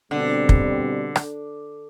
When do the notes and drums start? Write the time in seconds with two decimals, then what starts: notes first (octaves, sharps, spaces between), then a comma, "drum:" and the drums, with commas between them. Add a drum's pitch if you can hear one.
0.11 B2 D3 G3 C4
0.49 drum: kick
1.16 drum: rim click